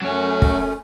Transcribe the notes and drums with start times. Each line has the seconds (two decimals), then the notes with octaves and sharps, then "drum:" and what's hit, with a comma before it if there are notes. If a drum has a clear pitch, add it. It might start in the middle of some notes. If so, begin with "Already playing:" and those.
0.02 F#2 F#3 A3 C#4 C#5
0.42 drum: kick